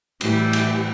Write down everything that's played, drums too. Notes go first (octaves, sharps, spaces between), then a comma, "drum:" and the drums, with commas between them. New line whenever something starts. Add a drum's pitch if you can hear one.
A2 E3 G3, drum: cymbal
drum: cymbal